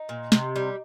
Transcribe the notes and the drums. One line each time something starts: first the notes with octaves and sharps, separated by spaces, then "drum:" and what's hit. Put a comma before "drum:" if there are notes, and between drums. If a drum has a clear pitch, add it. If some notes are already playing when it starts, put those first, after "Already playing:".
Already playing: D#4
A#2
C3, drum: snare
G3